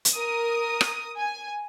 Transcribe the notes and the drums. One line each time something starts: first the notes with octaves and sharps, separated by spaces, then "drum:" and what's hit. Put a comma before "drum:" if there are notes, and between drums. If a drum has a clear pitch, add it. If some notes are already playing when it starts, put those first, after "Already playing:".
drum: hi-hat
A#4 D#6
drum: rim click
G#5